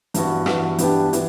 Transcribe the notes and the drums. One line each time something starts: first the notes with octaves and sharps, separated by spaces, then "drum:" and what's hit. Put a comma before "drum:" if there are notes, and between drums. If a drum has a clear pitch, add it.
G2 E3 B3 F#4, drum: hi-hat
G2 E3 B3 F#4, drum: rim click
G2 E3 B3 D4 G4, drum: hi-hat
E3 B3, drum: hi-hat